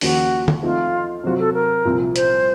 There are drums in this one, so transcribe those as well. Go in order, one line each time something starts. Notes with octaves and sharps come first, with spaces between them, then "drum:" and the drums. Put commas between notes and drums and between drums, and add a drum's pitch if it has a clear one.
D#2 C#3 F3 A#3 F4 F#4, drum: open hi-hat
drum: tom
F3 A3 C4 D#4 F4
C3 F#3 C4 F4 F#4
A4
A#4
C2 A#2 F3 C4
C5, drum: hi-hat